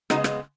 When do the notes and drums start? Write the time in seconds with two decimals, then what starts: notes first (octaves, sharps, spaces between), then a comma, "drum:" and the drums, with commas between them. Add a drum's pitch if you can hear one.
0.10 C#3 G#3 B3 D#4 F#4, drum: rim click
0.24 drum: rim click